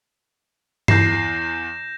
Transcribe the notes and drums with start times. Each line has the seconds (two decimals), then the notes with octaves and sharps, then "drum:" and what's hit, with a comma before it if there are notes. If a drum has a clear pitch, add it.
0.88 E2 G6 A#6 C7 E7, drum: tom G2